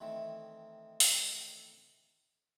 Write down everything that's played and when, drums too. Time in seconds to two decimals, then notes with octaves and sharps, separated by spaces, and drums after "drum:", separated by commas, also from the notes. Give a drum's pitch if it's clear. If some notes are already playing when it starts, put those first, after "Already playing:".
0.01 D#3 E3 A3 C4
1.00 drum: open hi-hat